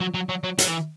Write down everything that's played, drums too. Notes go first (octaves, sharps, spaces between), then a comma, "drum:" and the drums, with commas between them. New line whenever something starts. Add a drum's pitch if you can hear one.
F#3
F#3
F#3
F#3
F#3, drum: hi-hat
E3